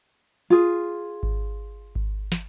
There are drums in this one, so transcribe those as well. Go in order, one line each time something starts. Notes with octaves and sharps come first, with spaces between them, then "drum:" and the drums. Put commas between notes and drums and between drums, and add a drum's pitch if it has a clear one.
F4 G#4
drum: kick G#1
drum: kick G#1
drum: snare